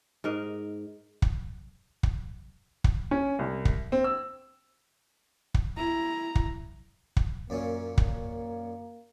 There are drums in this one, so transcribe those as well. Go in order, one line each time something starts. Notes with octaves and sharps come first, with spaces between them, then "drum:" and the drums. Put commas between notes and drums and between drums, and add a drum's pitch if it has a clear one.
G#2 A#4 D#5
drum: kick
drum: kick
drum: kick
C#4
C2
drum: kick
C4
E6
drum: kick
E4 A#5
drum: kick
drum: kick
F#2 A#2 A#3 C#4
drum: kick